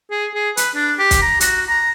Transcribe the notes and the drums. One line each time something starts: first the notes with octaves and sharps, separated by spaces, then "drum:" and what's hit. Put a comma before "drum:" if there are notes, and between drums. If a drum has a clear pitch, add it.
G#4
G#4
B4, drum: hi-hat
D4
G4
drum: kick, hi-hat
A#5
F#4, drum: hi-hat
A#5